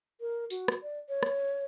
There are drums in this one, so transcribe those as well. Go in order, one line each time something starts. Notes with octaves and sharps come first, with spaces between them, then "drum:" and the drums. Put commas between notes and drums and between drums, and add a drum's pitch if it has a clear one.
A#4
F#4, drum: tambourine
drum: rim click
D5
C#5
drum: rim click